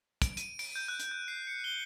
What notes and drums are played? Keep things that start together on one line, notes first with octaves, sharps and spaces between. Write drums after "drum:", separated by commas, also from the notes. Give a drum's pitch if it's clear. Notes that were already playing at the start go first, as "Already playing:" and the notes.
D7, drum: kick, hi-hat
D#7, drum: hi-hat
D7, drum: open hi-hat
G6
F#6
drum: hi-hat
G6
C7
C#7
G7